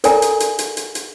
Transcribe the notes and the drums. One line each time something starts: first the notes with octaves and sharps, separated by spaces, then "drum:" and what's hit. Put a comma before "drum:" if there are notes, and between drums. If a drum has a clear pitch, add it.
A4 A#4 D5 G#5 A#5, drum: hi-hat
drum: hi-hat
drum: hi-hat
drum: hi-hat
drum: hi-hat
drum: hi-hat